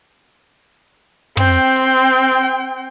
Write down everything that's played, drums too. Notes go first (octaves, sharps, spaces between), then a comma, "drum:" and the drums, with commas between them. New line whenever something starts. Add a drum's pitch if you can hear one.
C4 G5, drum: tom
drum: open hi-hat
drum: hi-hat